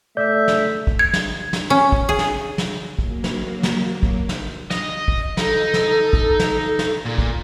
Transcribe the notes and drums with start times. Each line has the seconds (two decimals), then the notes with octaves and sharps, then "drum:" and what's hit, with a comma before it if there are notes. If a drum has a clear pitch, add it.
0.17 A3 D5 E5 E6 G6
0.48 drum: snare
0.87 drum: kick
0.99 G#6
1.13 drum: snare
1.53 drum: snare
1.70 C#4
1.92 drum: kick
2.09 G#4
2.19 drum: snare
2.58 drum: snare
2.99 F#3 A#3, drum: kick
3.24 drum: snare
3.63 drum: snare
4.03 drum: kick
4.29 drum: snare
4.70 D#5, drum: snare
5.08 drum: kick
5.37 D#4 A4, drum: snare
5.74 drum: snare
6.13 drum: kick
6.39 drum: snare
6.79 drum: snare
7.05 A#2
7.18 drum: kick